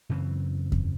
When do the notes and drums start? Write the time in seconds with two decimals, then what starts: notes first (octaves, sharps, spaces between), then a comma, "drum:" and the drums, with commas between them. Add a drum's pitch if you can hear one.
0.09 F#2 C#3 E3 C4
0.72 drum: kick E2